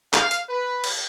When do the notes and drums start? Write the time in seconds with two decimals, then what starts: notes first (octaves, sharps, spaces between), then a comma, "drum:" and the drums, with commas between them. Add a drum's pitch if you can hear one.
0.13 F5, drum: clap
0.31 drum: hi-hat
0.48 B4
0.84 drum: cymbal